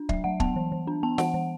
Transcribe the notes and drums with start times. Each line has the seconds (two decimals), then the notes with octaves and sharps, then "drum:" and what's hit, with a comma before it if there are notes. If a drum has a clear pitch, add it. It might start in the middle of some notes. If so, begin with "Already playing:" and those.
Already playing: D4
0.09 F#3 E5, drum: kick
0.24 F#3 F#5
0.40 B3 A5, drum: kick
0.56 E3
0.72 E3
0.87 D4
1.03 B3 A5
1.18 E3 F#5, drum: snare
1.34 E3